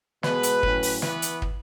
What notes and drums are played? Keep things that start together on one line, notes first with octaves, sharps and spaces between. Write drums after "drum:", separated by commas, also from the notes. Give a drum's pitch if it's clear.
B2 G#3 B3 B4, drum: snare
drum: hi-hat
A2 F#3 C#4, drum: kick
drum: open hi-hat
E3 B3 B4, drum: snare
drum: hi-hat
drum: kick